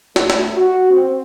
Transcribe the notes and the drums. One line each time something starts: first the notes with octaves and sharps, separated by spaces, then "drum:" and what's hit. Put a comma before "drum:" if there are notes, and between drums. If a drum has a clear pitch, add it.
A3, drum: snare
drum: snare
F#4
C4